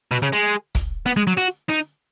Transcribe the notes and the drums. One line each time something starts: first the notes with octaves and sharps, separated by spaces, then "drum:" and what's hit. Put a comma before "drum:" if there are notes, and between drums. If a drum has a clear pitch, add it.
B2, drum: hi-hat
C#3
G#3
drum: kick, hi-hat
B3, drum: hi-hat
G#3
F#3
F#4, drum: hi-hat
D#4, drum: hi-hat